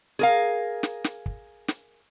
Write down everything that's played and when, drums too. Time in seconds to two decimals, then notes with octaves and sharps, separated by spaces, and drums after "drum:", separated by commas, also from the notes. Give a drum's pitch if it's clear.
0.19 G#4 A#4 F5
0.83 drum: snare
1.04 drum: snare
1.26 drum: kick
1.68 drum: snare